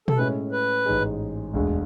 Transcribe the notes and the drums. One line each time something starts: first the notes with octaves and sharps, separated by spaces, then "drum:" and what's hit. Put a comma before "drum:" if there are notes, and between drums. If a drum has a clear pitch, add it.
A4, drum: tom B2
A2 G#3 C#4 E4 B4
B4
A1 G#2 G#3
E1 D2 D3 G#3